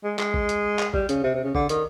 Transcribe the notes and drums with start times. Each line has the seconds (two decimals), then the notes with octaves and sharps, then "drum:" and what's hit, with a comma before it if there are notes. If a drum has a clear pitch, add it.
0.04 G#3
0.19 G#3, drum: clap
0.34 drum: kick
0.49 drum: hi-hat
0.79 drum: clap
0.94 G3, drum: kick
1.09 C#3, drum: hi-hat
1.24 C3
1.34 C3
1.44 C#3
1.55 D3, drum: kick
1.69 D#3, drum: hi-hat